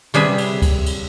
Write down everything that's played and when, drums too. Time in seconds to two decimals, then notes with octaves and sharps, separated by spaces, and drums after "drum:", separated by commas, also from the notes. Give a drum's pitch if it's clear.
0.14 C3 G3 G#4 B4 E5, drum: cymbal
0.38 drum: cymbal
0.62 drum: kick C#2, cymbal
0.86 drum: cymbal